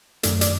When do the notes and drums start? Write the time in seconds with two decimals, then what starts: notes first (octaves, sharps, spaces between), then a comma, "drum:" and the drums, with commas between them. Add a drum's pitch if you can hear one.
0.23 F#2 D#3 A3 D5, drum: hi-hat
0.41 D5, drum: hi-hat